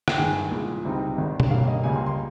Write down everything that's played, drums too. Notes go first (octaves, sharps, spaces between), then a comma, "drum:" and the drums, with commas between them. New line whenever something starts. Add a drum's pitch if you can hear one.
G5, drum: rim click
G2 D#3 G#3 G#5
C2 A#2 G#3
C#2 C3 G3 C4 D#4
G#1 G#2 D#3
drum: tom B2
G2 G3 A#3 C#4 F5
D#5
C#2 C#3 G3 A#3 G#5
C6
C6